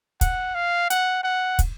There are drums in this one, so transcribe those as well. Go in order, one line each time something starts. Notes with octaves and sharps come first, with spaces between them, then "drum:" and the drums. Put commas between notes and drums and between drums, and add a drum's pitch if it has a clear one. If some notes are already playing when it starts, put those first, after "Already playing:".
F#5, drum: kick, hi-hat
F5
F#5, drum: hi-hat
F#5
drum: kick, hi-hat